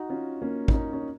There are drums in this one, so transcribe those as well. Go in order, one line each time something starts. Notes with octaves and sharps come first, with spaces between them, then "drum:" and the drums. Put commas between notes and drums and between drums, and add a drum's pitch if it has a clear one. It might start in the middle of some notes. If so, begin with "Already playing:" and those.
Already playing: D#4 F#4
C#4 F4
A#3 C#4
D#4, drum: kick
A#3 C#4
C#4